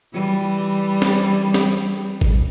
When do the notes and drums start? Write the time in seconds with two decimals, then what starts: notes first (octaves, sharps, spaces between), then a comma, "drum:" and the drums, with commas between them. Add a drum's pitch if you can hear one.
0.13 E3 G3
1.02 drum: snare
1.54 drum: snare
2.21 drum: kick G#1